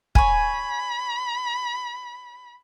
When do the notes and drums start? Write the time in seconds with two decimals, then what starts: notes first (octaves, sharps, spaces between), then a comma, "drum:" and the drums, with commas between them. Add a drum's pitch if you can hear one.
0.15 C#5 G#5 B5, drum: kick